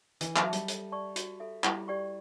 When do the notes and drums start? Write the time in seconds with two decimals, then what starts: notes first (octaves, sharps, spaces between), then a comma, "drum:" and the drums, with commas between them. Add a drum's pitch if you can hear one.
0.21 E3 B4, drum: hi-hat
0.36 F#3, drum: clap
0.44 E5 A5
0.53 G3, drum: hi-hat
0.68 A4, drum: hi-hat
0.92 D5 A5 C#6
1.16 F#4, drum: hi-hat
1.40 A4 E5
1.64 G3 E4, drum: clap
1.88 G4 D5 G5 C#6